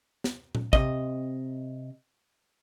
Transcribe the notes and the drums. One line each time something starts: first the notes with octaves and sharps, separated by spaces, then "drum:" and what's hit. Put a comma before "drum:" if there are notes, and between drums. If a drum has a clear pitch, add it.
drum: snare
drum: tom A#2
C3 D#5, drum: kick